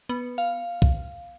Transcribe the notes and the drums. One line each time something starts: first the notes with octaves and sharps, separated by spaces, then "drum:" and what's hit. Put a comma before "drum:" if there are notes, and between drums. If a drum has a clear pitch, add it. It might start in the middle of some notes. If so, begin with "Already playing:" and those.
B3
F5
drum: kick